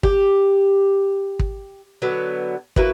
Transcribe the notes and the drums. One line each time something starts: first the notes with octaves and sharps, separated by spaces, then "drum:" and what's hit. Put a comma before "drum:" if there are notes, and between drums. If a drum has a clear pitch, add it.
G4, drum: kick
drum: kick
D3 F#3 B3
F#3 A#3 E4 B4, drum: kick